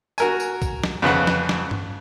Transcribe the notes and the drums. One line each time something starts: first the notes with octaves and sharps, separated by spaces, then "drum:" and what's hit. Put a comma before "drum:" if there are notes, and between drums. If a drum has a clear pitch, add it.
F#4 A#4 G#5, drum: tambourine
drum: tambourine
drum: kick A#1, tambourine
drum: snare
F2 C#3 B4 F#5
drum: snare
drum: snare
drum: tom G2